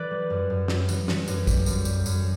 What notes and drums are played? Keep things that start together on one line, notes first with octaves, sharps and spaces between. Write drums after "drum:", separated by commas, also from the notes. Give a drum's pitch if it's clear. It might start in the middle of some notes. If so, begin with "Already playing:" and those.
Already playing: E3 B4 D5
G3
F#2
F#2
G3, drum: snare
E3, drum: tambourine
E3, drum: snare
F#2, drum: tambourine
G3, drum: kick, tambourine
F#2, drum: tambourine
G3, drum: tambourine
F#2, drum: tambourine